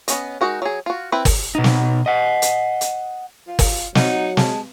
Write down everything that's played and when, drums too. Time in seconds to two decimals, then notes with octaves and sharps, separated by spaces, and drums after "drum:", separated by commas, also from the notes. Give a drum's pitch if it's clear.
0.08 B3 C#4 D#5, drum: hi-hat
0.41 G#3 D#4 F#4 A#4
0.62 F#3 G#4
0.86 F4 F#4
1.12 C4 E4 B4
1.25 drum: kick, open hi-hat
1.55 B2 D#4
1.64 drum: snare
2.06 D#5 F#5
2.42 drum: hi-hat
2.81 drum: hi-hat
3.48 F4
3.59 drum: kick, open hi-hat
3.95 F#3 D#4 F#5, drum: snare
4.37 G#3 A5, drum: snare